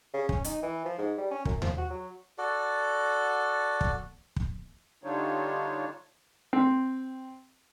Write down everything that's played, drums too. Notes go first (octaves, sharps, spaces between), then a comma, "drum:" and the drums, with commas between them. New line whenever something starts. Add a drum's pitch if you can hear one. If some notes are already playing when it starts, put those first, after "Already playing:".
C#3
C#4, drum: kick
D#4, drum: hi-hat
E3
F3
G#2
G3
C#4
F#2, drum: kick
F3, drum: tom D#2
F#4
F#3
F#4 A4 D5
drum: kick
drum: kick
D3 G3 D4 D#4 F4 C#5
C4